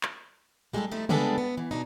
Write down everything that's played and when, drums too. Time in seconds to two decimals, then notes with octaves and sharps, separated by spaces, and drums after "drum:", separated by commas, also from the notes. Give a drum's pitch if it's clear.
0.03 drum: clap
0.73 G3 G#3 D#4 F4 G4 A4
0.92 F3 A3 D#4 E4
1.09 G3 G#3 B3 D4 G#4 A4, drum: tom C#3
1.38 B3
1.57 E3
1.71 B2 D4 D#4